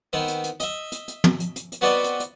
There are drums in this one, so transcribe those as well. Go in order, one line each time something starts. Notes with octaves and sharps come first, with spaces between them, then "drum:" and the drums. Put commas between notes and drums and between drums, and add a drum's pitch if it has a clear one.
D#3 B3 C4
drum: hi-hat
drum: hi-hat
D#5 E5, drum: hi-hat
drum: hi-hat
drum: hi-hat
drum: tom
drum: hi-hat
drum: hi-hat
drum: hi-hat
B3 C4 F#4 B4 D5 D#5
drum: hi-hat
drum: hi-hat